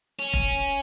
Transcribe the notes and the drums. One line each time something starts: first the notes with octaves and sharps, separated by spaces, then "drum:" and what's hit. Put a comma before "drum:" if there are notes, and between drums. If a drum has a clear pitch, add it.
C#4
drum: kick F1